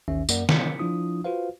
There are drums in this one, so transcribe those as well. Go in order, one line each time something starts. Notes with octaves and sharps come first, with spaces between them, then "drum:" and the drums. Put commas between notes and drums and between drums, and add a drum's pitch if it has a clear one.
A1 D#2 D#3 C#4 E5
F#2 A#3 A#4 D5 F#5, drum: tambourine
B6 C#7, drum: snare
F3 D4 E4 F4 D#6
F4 F#4 B4 C5 F5